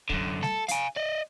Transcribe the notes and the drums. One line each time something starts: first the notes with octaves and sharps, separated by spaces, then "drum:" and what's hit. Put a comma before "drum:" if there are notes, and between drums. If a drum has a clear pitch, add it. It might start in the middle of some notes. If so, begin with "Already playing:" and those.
F#2 D3, drum: kick
A4, drum: snare
F5 G#5, drum: hi-hat
D5 D#5